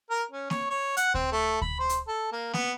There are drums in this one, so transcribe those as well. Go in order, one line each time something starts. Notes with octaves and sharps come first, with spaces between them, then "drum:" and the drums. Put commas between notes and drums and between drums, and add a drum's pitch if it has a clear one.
A#4
C#4
C#5, drum: snare A#3
C#5
F#5, drum: hi-hat
C4, drum: kick D2
A3
B5, drum: kick D2
C5
drum: hi-hat
A4
A#3
B3, drum: snare A#3